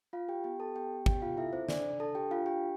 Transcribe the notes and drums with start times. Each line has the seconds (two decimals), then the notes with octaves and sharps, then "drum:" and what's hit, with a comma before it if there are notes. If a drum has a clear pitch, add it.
0.13 F4 F5
0.29 G4 G5
0.44 B3 G4 G5
0.60 A4 A5
0.75 B3 G4 G5
1.06 B3 G4 G5, drum: kick
1.22 F4 F5
1.37 E4 A4 E5
1.53 C4 C5
1.68 D4 D5, drum: snare
1.99 D4 A4 A5
2.15 G4 G5
2.31 D4 F4 F5
2.46 G4 G5